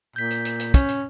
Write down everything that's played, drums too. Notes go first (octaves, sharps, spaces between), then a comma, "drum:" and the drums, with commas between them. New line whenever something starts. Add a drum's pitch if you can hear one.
A#2 G6 B6
drum: hi-hat
drum: hi-hat
drum: hi-hat
C#4, drum: kick, hi-hat
drum: hi-hat